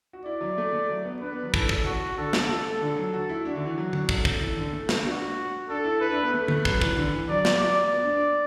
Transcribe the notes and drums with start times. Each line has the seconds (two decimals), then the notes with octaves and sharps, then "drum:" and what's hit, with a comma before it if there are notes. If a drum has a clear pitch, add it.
0.13 F#4
0.25 E4 D5
0.41 F#3
0.58 A3
0.73 A3
0.89 F#3
1.05 B3
1.21 D4 B4
1.32 B3
1.43 F#3
1.54 E3 A4, drum: kick
1.69 drum: kick
1.85 F#4
2.17 D3 A4
2.33 drum: snare
2.49 A4
2.81 D3
2.97 F#3
3.13 F#4
3.29 E4
3.45 D4 F#4
3.55 D3
3.66 E3
3.78 F#3
3.93 drum: tom D3
4.09 A4, drum: kick
4.25 drum: kick
4.41 E3
4.57 D3
4.73 A3
4.89 B3, drum: snare
5.04 D4 F#4
5.70 D4 A4
5.84 E4
6.01 E4 B4
6.11 D4
6.23 B3
6.33 A3 B4
6.48 A3, drum: tom D3
6.65 F#3, drum: kick
6.82 E3, drum: kick
6.96 D3
7.13 E3
7.28 F#3 D5
7.45 drum: snare
7.61 D5
7.93 B3
8.03 D4
8.15 D4